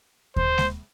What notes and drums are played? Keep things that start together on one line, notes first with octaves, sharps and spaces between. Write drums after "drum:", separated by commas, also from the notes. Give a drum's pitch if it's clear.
C5, drum: kick D#2
drum: snare G#3